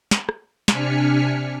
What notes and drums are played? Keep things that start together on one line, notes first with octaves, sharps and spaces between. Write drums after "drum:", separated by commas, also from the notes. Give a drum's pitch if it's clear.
drum: snare
drum: rim click
C3 D4 G#5 F6 B6 C#7, drum: snare